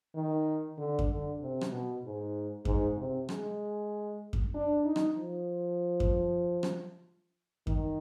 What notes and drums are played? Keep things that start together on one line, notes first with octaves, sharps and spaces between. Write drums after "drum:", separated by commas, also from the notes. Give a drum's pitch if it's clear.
D#3
D3
drum: kick F#2
D3
C3
drum: rim click
B2
G#2
G#2, drum: kick F#2
C3
G#3, drum: rim click
drum: kick F#2
D4
D#4
drum: rim click
F3
drum: kick F#2
drum: rim click
D#3, drum: kick F#2